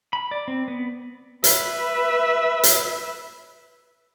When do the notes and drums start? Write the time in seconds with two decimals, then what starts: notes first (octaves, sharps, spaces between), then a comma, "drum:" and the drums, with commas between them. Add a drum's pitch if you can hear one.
0.13 B5
0.31 D5
0.48 C4
0.68 B3
1.44 B4 E5, drum: hi-hat
2.63 drum: hi-hat